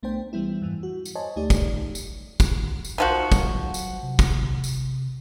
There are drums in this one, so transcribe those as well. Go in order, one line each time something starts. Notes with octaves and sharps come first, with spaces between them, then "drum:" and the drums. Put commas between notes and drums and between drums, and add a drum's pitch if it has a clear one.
B1 A3 B3 D4 C5 G5
E3 G3 B3 E4
F2 G#2 E3
F#4
drum: tambourine
C5 C#5 D#5 G#5 A5
D2 A3 D#4 G4 D5
drum: kick, tambourine
drum: tambourine
drum: kick, tambourine
drum: tambourine
B1 D#3 F3 F#4
F#3, drum: kick, tambourine
drum: tambourine
C3
drum: kick, tambourine
drum: tambourine